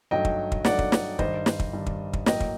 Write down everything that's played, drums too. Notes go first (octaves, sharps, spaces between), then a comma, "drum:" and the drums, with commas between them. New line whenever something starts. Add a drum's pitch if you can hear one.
G2 F#3 A3 D#4 D#5 G5
drum: kick
drum: kick
G2 F#3 A3 D#4 D5 F#5, drum: snare
drum: kick
drum: snare
G2 D#3 G3 C5 D#5, drum: kick
drum: snare
drum: kick
G2 D#3 G3
drum: kick
drum: kick
A2 F#3 A#3 D#5 G5, drum: snare
drum: kick